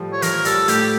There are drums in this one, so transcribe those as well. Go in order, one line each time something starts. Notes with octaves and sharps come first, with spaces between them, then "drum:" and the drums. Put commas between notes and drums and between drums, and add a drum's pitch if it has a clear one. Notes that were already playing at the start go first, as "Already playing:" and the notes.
Already playing: A2 F3 G3 A3
C#5
F3 A#4, drum: hi-hat
G3 A4, drum: hi-hat
A2 A3 G4, drum: hi-hat